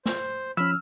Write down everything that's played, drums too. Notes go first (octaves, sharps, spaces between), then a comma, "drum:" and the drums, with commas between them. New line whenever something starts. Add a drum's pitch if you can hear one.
C5, drum: snare
F3 C#4 B5 E6 F6